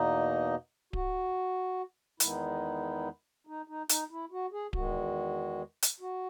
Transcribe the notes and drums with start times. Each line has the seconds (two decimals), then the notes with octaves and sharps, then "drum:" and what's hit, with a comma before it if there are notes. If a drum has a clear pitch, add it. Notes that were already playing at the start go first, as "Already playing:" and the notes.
Already playing: E2 B2 A#3 D#4 D#5
0.93 F#4, drum: kick D1
2.20 E2 D#3 G#3 B3 D#4 E4, drum: hi-hat
3.47 D#4
3.68 D#4
3.89 D#4, drum: hi-hat
4.10 E4
4.31 F#4
4.52 G#4
4.73 E2 D#3 G#3 F#4, drum: kick D1
5.82 drum: hi-hat
6.00 F#4